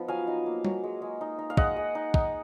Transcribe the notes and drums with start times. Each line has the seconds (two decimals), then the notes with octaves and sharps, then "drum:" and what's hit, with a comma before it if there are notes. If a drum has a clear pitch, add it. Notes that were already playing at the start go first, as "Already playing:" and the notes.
Already playing: F3 B3 D#4
0.08 F#3 F5 G#5
0.27 D#4
0.46 A#3
0.65 F#3, drum: tom G3
0.84 G#3
1.02 G#3
1.21 D#4
1.39 D#4
1.50 F5
1.57 G#3 D#5 F#5, drum: kick
1.76 G#3
1.95 D#4
2.14 D#4, drum: kick